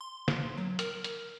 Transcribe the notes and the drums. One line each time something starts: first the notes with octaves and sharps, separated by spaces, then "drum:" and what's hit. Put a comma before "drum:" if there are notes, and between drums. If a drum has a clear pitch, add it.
C6
drum: snare
F#3
A#4, drum: hi-hat
drum: hi-hat